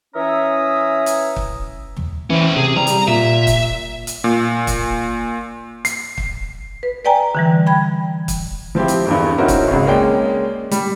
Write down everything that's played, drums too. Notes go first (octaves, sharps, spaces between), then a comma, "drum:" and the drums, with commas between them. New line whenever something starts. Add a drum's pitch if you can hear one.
E3 C#4 C#5 E5 A#5 D#6
drum: hi-hat
drum: kick
drum: tom
E3 C#4 C5
C3 G#4
G3 A#5
drum: hi-hat
A#2 E5
drum: kick, hi-hat
drum: hi-hat
A#2
drum: kick, hi-hat
C7, drum: hi-hat
drum: kick
B4
B4 D5 G5 G#5 A#5
D3 E3 G3
G5 B5 G#6
drum: kick, hi-hat
F3 C4 E4 G4
drum: hi-hat
G1 E2 G2
C4 C#4 D#4 E4 F#4 A#4
drum: kick, hi-hat
G#1 C#2
G#3 A#3 C#4 D5 G5
G3, drum: hi-hat